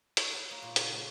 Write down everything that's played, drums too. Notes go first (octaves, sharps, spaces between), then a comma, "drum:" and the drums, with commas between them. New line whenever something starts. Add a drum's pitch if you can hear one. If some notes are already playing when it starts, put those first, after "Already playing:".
C#5, drum: hi-hat
B3
A#3
A#2
C#3, drum: hi-hat
A3